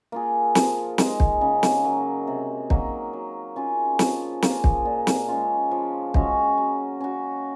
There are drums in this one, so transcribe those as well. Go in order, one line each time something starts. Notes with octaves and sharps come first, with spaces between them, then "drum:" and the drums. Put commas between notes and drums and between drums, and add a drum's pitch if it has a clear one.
A#3 F4 G#4
F3, drum: snare
G#3 D#4, drum: snare
drum: kick
C#3
drum: snare
F#3 A#3
C3
F#3 A#3 D#4, drum: kick
F#3
C#4 F4 G#4
F3, drum: snare
A#3 F4 G#4, drum: snare
drum: kick
A#2
drum: snare
G#3 C#4 F4
F3
G#3 C#4 F#4, drum: kick
F#3
C#4 F#4